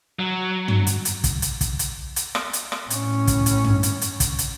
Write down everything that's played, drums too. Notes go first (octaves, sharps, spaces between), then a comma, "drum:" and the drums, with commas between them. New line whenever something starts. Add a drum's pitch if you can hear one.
F#3
drum: tom
drum: hi-hat
drum: hi-hat
drum: kick, hi-hat
drum: hi-hat
drum: kick, hi-hat
drum: hi-hat
drum: hi-hat
drum: rim click
drum: hi-hat
drum: rim click
A2 C#4, drum: hi-hat
drum: kick, hi-hat
drum: hi-hat
drum: tom
drum: hi-hat
drum: hi-hat
drum: kick, hi-hat
drum: hi-hat